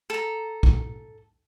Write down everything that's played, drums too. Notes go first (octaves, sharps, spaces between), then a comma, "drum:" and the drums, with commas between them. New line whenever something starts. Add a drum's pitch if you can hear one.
A4 A#5
drum: kick